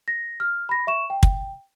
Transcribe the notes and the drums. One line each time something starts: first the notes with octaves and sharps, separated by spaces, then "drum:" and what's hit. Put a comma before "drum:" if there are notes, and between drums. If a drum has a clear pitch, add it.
A#6
F6
B5 A#6
E5 C#6 E7
G5
drum: kick